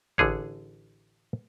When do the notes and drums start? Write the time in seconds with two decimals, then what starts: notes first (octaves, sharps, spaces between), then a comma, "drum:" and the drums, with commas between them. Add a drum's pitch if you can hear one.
0.18 A1 D3 G#4 C#5, drum: kick G#1